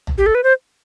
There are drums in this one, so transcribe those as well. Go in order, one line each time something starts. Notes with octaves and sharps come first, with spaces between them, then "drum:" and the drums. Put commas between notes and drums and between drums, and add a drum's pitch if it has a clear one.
drum: tom
G4
A4
B4
C5